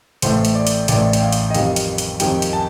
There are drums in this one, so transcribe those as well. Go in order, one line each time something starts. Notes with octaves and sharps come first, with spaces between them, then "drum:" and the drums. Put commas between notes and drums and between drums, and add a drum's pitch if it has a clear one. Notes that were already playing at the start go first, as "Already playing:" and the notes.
A1 A2 A3 C5, drum: hi-hat
drum: hi-hat
D5
drum: hi-hat
A1 A2 A3 D5, drum: hi-hat
G5, drum: hi-hat
F5
drum: hi-hat
D#5
F2 D#3 G3 F5, drum: hi-hat
drum: hi-hat
drum: hi-hat
F2 D#3 G3 G5, drum: hi-hat
drum: hi-hat
A5